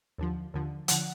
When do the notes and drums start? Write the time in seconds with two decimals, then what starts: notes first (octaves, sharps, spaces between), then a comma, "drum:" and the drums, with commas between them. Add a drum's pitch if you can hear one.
0.18 D#2 D3 F3
0.54 D#2 D3 F3
0.88 D3 F3 F#5, drum: hi-hat